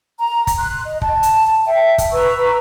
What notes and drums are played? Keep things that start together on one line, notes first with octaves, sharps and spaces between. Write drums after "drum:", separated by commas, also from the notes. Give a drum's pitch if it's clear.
A#5
drum: kick, hi-hat
C6 F#6
D#5
A5, drum: kick
drum: hi-hat
E5 G5 A5
drum: kick, hi-hat
B4 A#5 C#6 E6